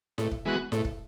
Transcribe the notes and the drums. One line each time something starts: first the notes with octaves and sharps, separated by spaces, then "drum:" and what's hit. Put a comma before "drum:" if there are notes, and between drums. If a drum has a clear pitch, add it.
A2, drum: snare E4
drum: kick
E3 G#3 B3 F#4
A2, drum: snare E4
drum: kick